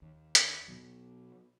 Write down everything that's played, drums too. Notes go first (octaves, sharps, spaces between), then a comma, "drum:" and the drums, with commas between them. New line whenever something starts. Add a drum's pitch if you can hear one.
D#2
drum: hi-hat
B2 F#3